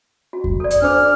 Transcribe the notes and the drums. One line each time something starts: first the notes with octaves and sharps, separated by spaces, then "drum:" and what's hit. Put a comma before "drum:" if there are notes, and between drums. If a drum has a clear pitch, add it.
F#4
drum: kick F2
A4 D5
drum: hi-hat
D4 C5 D6 F6